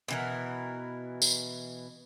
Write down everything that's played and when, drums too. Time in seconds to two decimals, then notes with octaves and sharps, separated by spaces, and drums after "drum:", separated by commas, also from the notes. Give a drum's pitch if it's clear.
0.08 B2 E3 A#4
1.22 drum: tambourine